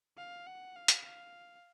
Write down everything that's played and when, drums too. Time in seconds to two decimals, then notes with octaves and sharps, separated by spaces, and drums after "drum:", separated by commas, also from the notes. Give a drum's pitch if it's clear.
0.17 F5
0.47 F#5
0.76 F5
0.88 drum: hi-hat
1.05 F5